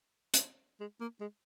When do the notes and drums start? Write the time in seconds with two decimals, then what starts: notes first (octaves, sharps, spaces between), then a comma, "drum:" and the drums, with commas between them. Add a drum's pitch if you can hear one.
0.34 drum: hi-hat
0.80 G#3
1.00 A#3
1.20 G#3